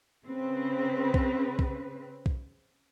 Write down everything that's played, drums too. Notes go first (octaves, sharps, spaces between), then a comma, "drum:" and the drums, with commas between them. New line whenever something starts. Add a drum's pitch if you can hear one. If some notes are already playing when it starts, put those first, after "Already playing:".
C#3 C4 B4
drum: kick B1
drum: kick B1
drum: kick B1